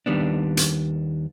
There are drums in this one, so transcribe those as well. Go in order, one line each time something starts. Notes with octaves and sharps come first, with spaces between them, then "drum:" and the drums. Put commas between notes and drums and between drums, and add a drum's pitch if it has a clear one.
D#2 D#3 G3 B3 D4
drum: hi-hat